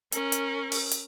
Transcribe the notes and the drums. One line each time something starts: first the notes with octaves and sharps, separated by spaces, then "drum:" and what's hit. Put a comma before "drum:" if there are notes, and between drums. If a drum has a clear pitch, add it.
C#4 A#4, drum: hi-hat
drum: hi-hat
drum: open hi-hat
drum: hi-hat